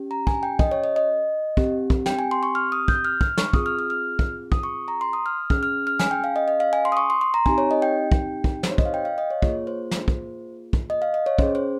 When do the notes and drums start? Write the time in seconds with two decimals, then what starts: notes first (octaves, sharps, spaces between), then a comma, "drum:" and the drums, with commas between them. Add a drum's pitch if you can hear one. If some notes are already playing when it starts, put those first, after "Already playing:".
Already playing: C#4 G4
0.11 A#5
0.27 G#5, drum: kick
0.43 G5
0.59 D#5, drum: kick
0.71 C#5
0.84 D#5
0.96 D#5
1.57 C4 G4, drum: kick
1.90 drum: kick
2.06 G5, drum: snare
2.19 G#5
2.31 C6
2.43 C#6
2.55 F6
2.72 D#6
2.88 G6, drum: kick
3.05 F6
3.21 F6, drum: kick
3.38 C#6, drum: snare
3.53 C4 F4 G#4 D#6, drum: kick
3.66 F6
3.79 F6
3.90 F6
4.19 drum: kick
4.52 D#6, drum: kick
4.63 C#6
4.88 A#5
5.01 C6
5.13 D#6
5.26 F6
5.50 C#4 G#4 F6, drum: kick
5.63 F6
5.87 F6
6.00 G#5, drum: snare
6.11 G5
6.24 F5
6.36 D#5
6.48 D#5
6.60 F5
6.73 G#5
6.85 C6
6.92 D#6
6.97 C#6
7.10 C6
7.21 C6
7.34 A#5
7.46 C4 D#4 G4 G#5, drum: kick
7.58 C#5
7.71 D#5
7.82 G5
8.12 drum: kick
8.44 drum: kick
8.63 C5, drum: snare
8.71 C#5
8.78 D#5, drum: kick
8.85 F5
8.94 G5
9.05 F5
9.18 D#5
9.30 C#5
9.42 A#3 F4 G#4 C#5, drum: kick
9.67 C5
9.91 drum: snare
10.08 drum: kick
10.73 drum: kick
10.90 D#5
11.02 F5
11.14 D#5
11.26 C#5
11.39 C#4 G#4 C5, drum: kick
11.55 C5